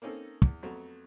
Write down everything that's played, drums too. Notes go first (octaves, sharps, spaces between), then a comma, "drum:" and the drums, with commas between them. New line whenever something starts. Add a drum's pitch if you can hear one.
A#3 C4 C#4 D#4 A4
E2, drum: kick
F2 F#3 A3 B3